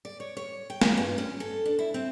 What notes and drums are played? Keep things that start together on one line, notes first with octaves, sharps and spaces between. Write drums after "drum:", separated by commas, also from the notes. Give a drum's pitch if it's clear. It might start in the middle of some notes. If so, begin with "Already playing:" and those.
D5
C#5
C#5
G5
D#3, drum: snare
G2
C#4
A4
D4
E4
C4